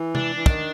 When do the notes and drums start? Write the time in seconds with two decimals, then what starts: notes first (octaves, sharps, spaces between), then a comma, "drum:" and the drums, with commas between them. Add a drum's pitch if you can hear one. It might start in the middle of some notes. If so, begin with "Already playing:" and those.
Already playing: E3
0.15 D4, drum: tom C3
0.36 E3
0.46 D#3, drum: kick